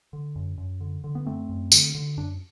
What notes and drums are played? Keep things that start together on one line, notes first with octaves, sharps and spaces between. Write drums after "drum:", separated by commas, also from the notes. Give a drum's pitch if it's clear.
D3
F#2
F#2
D3
D3
B3
F#2 A3 C4
F#2
D3, drum: tambourine
D3
F#2 D4